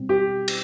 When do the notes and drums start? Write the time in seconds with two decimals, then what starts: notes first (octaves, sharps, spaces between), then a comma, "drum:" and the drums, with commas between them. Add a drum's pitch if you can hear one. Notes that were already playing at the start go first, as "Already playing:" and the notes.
Already playing: B2 G3 C4
0.09 G4
0.48 drum: cymbal